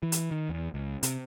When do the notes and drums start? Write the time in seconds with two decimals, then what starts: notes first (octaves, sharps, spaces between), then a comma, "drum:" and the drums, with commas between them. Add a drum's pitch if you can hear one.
0.03 E3
0.12 drum: hi-hat
0.31 D#3
0.49 E2
0.74 C#2
1.03 C3, drum: hi-hat